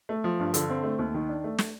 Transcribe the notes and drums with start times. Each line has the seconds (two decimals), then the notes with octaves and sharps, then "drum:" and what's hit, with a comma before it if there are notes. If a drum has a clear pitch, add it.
0.09 A3
0.24 F3
0.39 G2
0.54 D3, drum: hi-hat
0.69 C4
0.83 A3
0.99 D#2
1.14 D#3
1.29 D4
1.44 A3
1.59 drum: snare